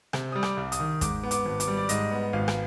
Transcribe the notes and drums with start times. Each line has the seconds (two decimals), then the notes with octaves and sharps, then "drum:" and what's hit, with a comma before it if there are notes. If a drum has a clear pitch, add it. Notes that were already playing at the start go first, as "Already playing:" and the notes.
0.13 C3, drum: rim click
0.32 G3 D#6
0.43 D6, drum: rim click
0.57 C2
0.72 D#6, drum: hi-hat
0.80 D#3
1.01 G#2 D6, drum: kick, hi-hat
1.23 B3
1.31 D6, drum: hi-hat
1.45 G#1
1.60 D6, drum: hi-hat
1.67 G3
1.77 D5
1.89 G#2 D#5, drum: hi-hat
2.11 B3
2.33 G#1 F5
2.48 drum: rim click